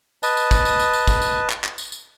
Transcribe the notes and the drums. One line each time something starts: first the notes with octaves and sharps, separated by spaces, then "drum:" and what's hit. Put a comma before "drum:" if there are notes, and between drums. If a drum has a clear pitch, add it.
B4 D#5 A5, drum: tambourine
drum: tambourine
drum: kick, tambourine
drum: tambourine
drum: tambourine
drum: tambourine
drum: kick, tambourine
drum: tambourine
drum: clap
drum: clap
drum: tambourine
drum: tambourine